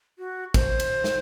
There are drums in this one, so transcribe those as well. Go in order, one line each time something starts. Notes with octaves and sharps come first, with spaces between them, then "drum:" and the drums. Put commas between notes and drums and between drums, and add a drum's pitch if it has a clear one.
F#4
C5, drum: kick, cymbal
drum: cymbal
drum: snare